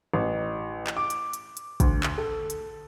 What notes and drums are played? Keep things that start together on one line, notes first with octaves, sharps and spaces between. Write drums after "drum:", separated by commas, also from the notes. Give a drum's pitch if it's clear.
A1
drum: clap
D6
drum: hi-hat
drum: hi-hat
drum: hi-hat
D2, drum: kick, hi-hat
drum: clap
A4
drum: hi-hat